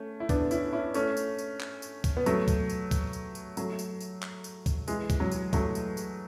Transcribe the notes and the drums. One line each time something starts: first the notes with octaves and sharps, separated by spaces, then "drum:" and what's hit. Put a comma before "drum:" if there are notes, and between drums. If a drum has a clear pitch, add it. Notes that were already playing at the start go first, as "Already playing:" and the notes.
Already playing: A3 C#4
E4
B3 D4, drum: kick, tambourine
C#4 E4, drum: tambourine
C#4 E4
A3 C#4, drum: tambourine
drum: tambourine
drum: tambourine
drum: clap
drum: tambourine
drum: kick, tambourine
B3
F#3 A3, drum: tambourine
drum: kick, tambourine
drum: tambourine
drum: kick, tambourine
drum: tambourine
drum: tambourine
F#3 A3, drum: tambourine
drum: tambourine
drum: tambourine
drum: clap
drum: tambourine
drum: kick, tambourine
E3 G#3, drum: tambourine
drum: kick, tambourine
F#3
drum: tambourine
F#3 A3, drum: kick, tambourine
drum: tambourine
drum: tambourine